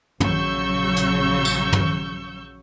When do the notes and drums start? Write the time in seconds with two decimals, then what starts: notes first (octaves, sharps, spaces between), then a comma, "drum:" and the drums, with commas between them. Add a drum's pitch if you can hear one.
0.20 A#1 C#3 F#3 C#6 E6 G6, drum: tom
0.96 drum: hi-hat
1.45 drum: tambourine
1.72 drum: tom